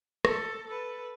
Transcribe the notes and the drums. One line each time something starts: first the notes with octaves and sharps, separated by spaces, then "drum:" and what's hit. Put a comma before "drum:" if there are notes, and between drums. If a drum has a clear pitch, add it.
A4, drum: rim click
A4 B4